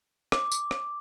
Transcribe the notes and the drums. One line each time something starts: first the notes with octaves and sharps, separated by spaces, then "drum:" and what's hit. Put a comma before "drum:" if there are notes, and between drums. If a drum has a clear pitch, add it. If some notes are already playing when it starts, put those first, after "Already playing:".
D6, drum: rim click
drum: tambourine
drum: rim click